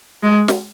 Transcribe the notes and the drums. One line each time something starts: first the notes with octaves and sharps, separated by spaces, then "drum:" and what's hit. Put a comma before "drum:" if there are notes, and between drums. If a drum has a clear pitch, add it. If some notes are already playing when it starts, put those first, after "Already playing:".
G#3
drum: snare